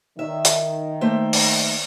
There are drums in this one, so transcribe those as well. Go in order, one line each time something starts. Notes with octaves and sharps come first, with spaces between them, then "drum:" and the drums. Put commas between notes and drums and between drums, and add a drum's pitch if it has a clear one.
D#3 E5
drum: hi-hat
A3 A#3 C5
drum: open hi-hat